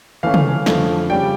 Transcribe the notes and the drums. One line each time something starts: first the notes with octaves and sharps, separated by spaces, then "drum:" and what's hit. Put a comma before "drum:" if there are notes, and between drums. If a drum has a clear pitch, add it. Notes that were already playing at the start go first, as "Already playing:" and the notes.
E3 A3 C#4 F5
drum: tom
F2 D3 F3 A3 E4, drum: snare
C#3 G3 C#4 G4 D5 G5